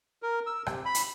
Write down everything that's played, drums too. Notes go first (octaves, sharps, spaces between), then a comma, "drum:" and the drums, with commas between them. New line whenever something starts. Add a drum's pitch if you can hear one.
A#4
E6
C3, drum: rim click
B5
drum: hi-hat